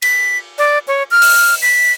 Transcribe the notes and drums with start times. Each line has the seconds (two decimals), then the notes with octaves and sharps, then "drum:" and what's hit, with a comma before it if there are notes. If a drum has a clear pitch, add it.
0.02 B6, drum: cymbal
0.58 D5
0.88 C#5
1.11 F6
1.22 drum: open hi-hat
1.62 B6